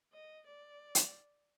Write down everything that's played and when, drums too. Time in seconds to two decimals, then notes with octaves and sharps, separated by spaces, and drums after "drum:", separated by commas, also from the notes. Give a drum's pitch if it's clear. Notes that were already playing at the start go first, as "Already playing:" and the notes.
0.13 D#5
0.46 D5
0.95 drum: hi-hat